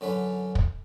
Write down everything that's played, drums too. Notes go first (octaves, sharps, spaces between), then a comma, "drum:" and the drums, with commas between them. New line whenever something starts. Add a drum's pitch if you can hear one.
F#2 D3 C#4 B4
drum: kick